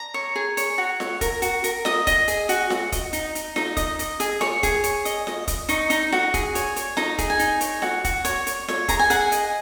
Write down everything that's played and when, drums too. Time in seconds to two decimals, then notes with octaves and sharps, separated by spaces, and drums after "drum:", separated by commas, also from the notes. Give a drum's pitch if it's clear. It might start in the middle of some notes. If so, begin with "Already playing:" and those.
Already playing: A#5
0.14 C#5
0.36 G#4
0.57 C#5, drum: hi-hat
0.78 F#4
1.00 C#5, drum: snare F4
1.21 A#4, drum: kick, hi-hat
1.42 F#4, drum: hi-hat
1.64 A#4, drum: hi-hat
1.85 D#5 D#6, drum: snare F4
2.07 D#5, drum: kick, hi-hat
2.28 G#4, drum: hi-hat
2.49 F#4, drum: hi-hat
2.70 F#4, drum: snare F4
2.92 D#5, drum: kick, hi-hat
3.13 D#4, drum: hi-hat
3.35 D#4, drum: hi-hat
3.56 D#4, drum: snare F4
3.77 D#5, drum: kick, hi-hat
3.99 D#5, drum: hi-hat
4.20 G#4, drum: hi-hat
4.41 C#5 C#6, drum: snare F4
4.63 G#4, drum: kick, hi-hat
4.84 C#5, drum: hi-hat
5.05 D#5, drum: hi-hat
5.27 D#5, drum: snare F4
5.48 D#5, drum: kick, hi-hat
5.69 D#4 C#6, drum: hi-hat
5.90 D#4, drum: hi-hat
6.12 F#4, drum: snare F4
6.34 G#4, drum: kick, hi-hat
6.55 C#5, drum: hi-hat
6.76 C#5, drum: hi-hat
6.97 D#4 A#5, drum: snare F4
7.18 G#4, drum: kick, hi-hat
7.30 G#5
7.39 D#4, drum: hi-hat
7.61 C#5, drum: hi-hat
7.82 F#4, drum: snare F4
8.04 F#4, drum: kick, hi-hat
8.25 C#5, drum: hi-hat
8.47 C#5, drum: hi-hat
8.68 C#5, drum: snare F4
8.88 G#4 A#5, drum: kick, hi-hat
8.99 G#5
9.10 G#4 F#5, drum: hi-hat
9.21 G#5
9.32 D#5, drum: hi-hat